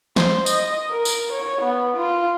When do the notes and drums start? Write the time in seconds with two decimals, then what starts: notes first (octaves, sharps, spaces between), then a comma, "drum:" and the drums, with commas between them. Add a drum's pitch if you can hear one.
0.16 C5, drum: snare
0.46 D#5, drum: tambourine
0.89 A#4
1.05 drum: tambourine
1.32 C#5
1.62 B3
1.97 F4